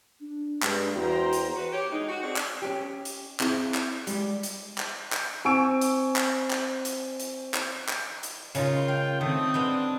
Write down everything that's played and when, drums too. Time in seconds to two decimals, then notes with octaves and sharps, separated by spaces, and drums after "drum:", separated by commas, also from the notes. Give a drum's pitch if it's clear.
0.21 D4
0.62 G2 G#3, drum: clap
0.94 E2 F#4 C5 G5 A#5
1.33 drum: hi-hat
1.56 F#4 B4
1.73 G4 C#5
1.92 G#3 D#4
2.09 F#4
2.23 C4 D4 G#4
2.36 drum: clap
2.62 C#4 G4
3.05 drum: hi-hat
3.40 C4 E4 G#4 F5, drum: clap
3.74 drum: clap
4.07 G3 G#3, drum: hi-hat
4.43 drum: hi-hat
4.78 drum: clap
5.12 drum: clap
5.45 C4 G#5 C#6 E6 D7
5.81 drum: hi-hat
6.16 drum: clap
6.51 drum: clap
6.85 drum: hi-hat
7.20 drum: hi-hat
7.54 drum: clap
7.89 drum: clap
8.23 drum: hi-hat
8.55 C#3 G#3 D#4 F4 A#4, drum: hi-hat
8.88 F5 G5
9.21 D#3 A3 C4 D#6
9.54 G#3 B3 D4 G5